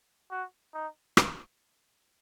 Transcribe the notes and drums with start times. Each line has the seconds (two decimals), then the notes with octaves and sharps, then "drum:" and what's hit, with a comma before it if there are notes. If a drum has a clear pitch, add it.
0.31 F#4
0.74 D#4
1.17 drum: rim click